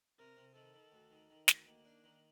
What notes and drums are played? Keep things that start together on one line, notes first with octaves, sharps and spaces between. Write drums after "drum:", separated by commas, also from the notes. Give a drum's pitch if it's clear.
C3 A#4
C3
D#3 A4
D#3
D2
D#3
D#3
D2, drum: snare
D#3 A#3
D4
D#3